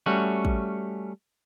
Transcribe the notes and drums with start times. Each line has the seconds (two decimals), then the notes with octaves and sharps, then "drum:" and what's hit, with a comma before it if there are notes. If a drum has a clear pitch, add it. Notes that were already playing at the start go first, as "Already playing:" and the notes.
0.06 G3 A3 C#4 F#4
0.45 drum: kick